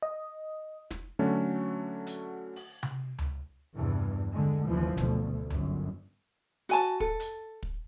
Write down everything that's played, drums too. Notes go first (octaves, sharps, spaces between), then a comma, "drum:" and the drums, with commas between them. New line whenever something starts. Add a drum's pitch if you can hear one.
D#5
drum: snare
D3 F#3 A3 C#4 D4 F#4
drum: hi-hat
drum: open hi-hat
drum: tom C3
drum: tom C#2
E2 G2 C3 E3
D3 G#3
F#1 D#2 E3 F3
D2 B2, drum: snare
G1 F#2, drum: tom C#2
F#4 G#5 A5, drum: hi-hat
A4, drum: kick
drum: hi-hat
drum: kick